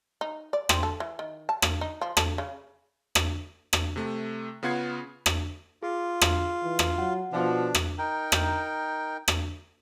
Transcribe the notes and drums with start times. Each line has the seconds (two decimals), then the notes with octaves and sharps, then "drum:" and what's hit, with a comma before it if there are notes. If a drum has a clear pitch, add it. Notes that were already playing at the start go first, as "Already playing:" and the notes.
0.21 D#4
0.53 D5
0.69 C4, drum: rim click
0.83 A4
1.00 E3
1.19 D#3
1.49 A5
1.62 A#3, drum: rim click
1.81 D#4
2.01 F3
2.17 A4, drum: rim click
2.38 C#3
3.15 drum: rim click
3.73 drum: rim click
3.96 C3 A3
4.63 C#3 B3 F4 F#5 G#6 C7
5.26 drum: rim click
5.83 F4 G#4
6.21 drum: rim click
6.63 E3
6.79 drum: rim click
6.98 F#3 F#5
7.33 B2 F3 D4
7.75 drum: rim click
7.98 D#4 A#4 G5
8.32 drum: rim click
9.28 drum: rim click